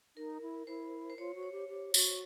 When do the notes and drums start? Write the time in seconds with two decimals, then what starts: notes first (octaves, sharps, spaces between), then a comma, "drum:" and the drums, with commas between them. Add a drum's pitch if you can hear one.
0.16 D#4 A#4
0.41 E4
0.67 E4 C5
1.10 C5
1.18 F4 C#5
1.35 F#4
1.43 C#5
1.52 G4
1.68 G4
1.94 F#4, drum: tambourine